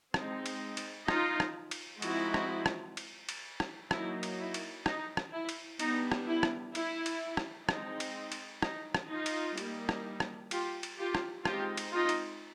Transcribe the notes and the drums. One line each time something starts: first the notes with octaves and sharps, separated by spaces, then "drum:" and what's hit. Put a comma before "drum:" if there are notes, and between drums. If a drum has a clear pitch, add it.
G#3 C4 D#4, drum: rim click
drum: cymbal
drum: cymbal
D#4 F4, drum: rim click
drum: rim click
drum: cymbal
F3 G#3 C4 D#4 E4 F#4, drum: cymbal
drum: rim click
drum: rim click
drum: cymbal
drum: cymbal
drum: rim click
F#3 A#3 D#4 E4, drum: rim click
drum: cymbal
E4
drum: cymbal
D#4, drum: rim click
drum: rim click
E4
drum: cymbal
G3 B3 D4 D#4, drum: cymbal
drum: rim click
E4
drum: rim click
E4, drum: cymbal
drum: cymbal
drum: rim click
G#3 C4 D#4, drum: rim click
drum: cymbal
drum: cymbal
D#4, drum: rim click
drum: rim click
D#4 F4
drum: cymbal
G3 A#3 D#4, drum: cymbal
drum: rim click
drum: rim click
F4 G4, drum: cymbal
drum: cymbal
F4 G4
drum: rim click
G#3 C4 D#4 F4 G4, drum: rim click
drum: cymbal
D#4 F4
drum: cymbal